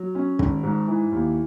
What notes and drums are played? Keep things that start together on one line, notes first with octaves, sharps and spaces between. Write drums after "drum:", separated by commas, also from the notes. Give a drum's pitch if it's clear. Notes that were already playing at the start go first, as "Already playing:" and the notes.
Already playing: F#3
C#4
G#1, drum: kick
G#2
E3
D#2